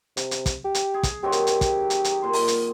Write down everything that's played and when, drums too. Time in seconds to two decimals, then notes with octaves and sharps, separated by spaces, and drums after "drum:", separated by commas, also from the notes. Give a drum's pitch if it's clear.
0.17 C3, drum: hi-hat
0.31 drum: hi-hat
0.46 drum: kick, hi-hat
0.65 G4
0.75 drum: hi-hat
0.94 G#4
1.03 drum: kick, hi-hat
1.23 D#3 F#3 C4 G4
1.32 drum: hi-hat
1.47 drum: hi-hat
1.61 drum: kick, hi-hat
1.90 drum: hi-hat
2.04 drum: hi-hat
2.22 A#2 C6
2.33 drum: open hi-hat
2.48 drum: hi-hat